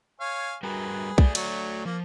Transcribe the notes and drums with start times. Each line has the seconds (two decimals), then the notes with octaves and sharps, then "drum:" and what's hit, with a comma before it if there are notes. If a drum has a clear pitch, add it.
0.20 C#5 F5 G#5
0.63 G3 F#4 G#4 A#4 B4
1.18 A3 D5, drum: kick B1
1.35 F#3, drum: cymbal
1.86 F3 A#3